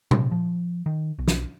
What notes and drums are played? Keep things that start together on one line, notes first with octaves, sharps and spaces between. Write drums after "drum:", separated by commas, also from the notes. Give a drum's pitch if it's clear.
C3, drum: tom A#2
F3
D#3
B1
drum: snare